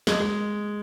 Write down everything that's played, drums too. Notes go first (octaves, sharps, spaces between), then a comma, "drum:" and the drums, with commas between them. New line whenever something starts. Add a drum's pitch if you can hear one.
G#3, drum: snare
G#3